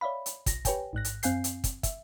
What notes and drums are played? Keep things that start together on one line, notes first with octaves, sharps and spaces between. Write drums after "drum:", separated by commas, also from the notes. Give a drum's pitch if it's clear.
C#5 D5 E5 F5 B5
drum: hi-hat
B1 A#6, drum: kick, hi-hat
G4 B4 C#5 G5 G#5, drum: kick, hi-hat
A1 G#2 F#6 A#6
drum: hi-hat
F#2 C4 F5 G#5 G6 C7, drum: hi-hat
drum: hi-hat
drum: kick, hi-hat
E5, drum: kick, hi-hat